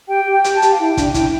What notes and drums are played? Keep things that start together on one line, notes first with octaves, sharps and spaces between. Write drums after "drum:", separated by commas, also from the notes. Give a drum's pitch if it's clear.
G4 G5
G4
G5
G4, drum: hi-hat
A5
G4, drum: hi-hat
F5
E4 G5
D4, drum: kick, hi-hat
E4 G5, drum: kick, hi-hat